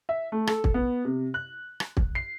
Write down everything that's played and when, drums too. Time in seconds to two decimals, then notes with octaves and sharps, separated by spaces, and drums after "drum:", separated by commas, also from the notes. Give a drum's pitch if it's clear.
0.09 E5
0.32 A3
0.47 A4, drum: rim click
0.64 drum: kick
0.74 B3
1.05 C3
1.34 F#6
1.80 drum: rim click
1.97 drum: kick
2.15 C7